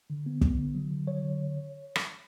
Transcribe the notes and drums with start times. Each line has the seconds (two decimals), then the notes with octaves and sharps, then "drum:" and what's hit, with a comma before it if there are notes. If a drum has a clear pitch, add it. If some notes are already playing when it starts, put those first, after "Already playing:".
0.10 D3
0.26 B3
0.41 B3, drum: kick
0.58 D3
0.74 F#3
0.91 D3
1.07 F#3 C#5
1.23 D3
1.96 drum: rim click